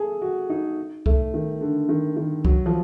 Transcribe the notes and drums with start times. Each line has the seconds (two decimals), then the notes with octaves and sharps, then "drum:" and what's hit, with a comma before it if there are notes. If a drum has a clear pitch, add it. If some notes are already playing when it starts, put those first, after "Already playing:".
Already playing: G#4 A4
0.22 F#4
0.50 D#4
1.06 A3, drum: kick C2
1.34 D#3
1.61 D3
1.89 D#3
2.16 D#3
2.45 F#3, drum: kick C2
2.66 F3